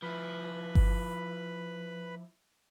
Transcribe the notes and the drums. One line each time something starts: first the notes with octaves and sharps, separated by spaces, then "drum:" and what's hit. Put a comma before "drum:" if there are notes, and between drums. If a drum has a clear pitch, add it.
F3 E4 B4 B5
drum: kick G1